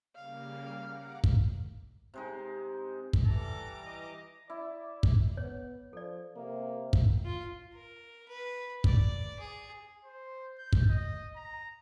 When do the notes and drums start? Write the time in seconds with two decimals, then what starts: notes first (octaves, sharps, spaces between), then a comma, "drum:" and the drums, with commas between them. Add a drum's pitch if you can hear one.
0.16 C#3 G3 A#3 F5
0.85 F#5 A#5 D6
1.24 drum: kick
2.14 C3 G#3 D#4
3.13 drum: kick
3.25 E3 G3 A4 A#5 D6
3.85 D#5
4.50 E4 D5
5.03 drum: kick
5.37 B3 C#5
5.93 F3 A4 D5
6.36 C3 A#3
6.93 drum: kick
7.25 F4
7.74 A#4
8.28 B4
8.84 D5, drum: kick
9.40 G#4
10.05 C5
10.58 G6
10.73 drum: kick
10.90 D#5
11.36 A#5